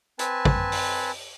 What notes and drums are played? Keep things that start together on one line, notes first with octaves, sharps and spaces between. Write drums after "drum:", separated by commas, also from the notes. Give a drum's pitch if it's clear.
C4 B4 G#5 A5, drum: hi-hat
drum: kick
drum: open hi-hat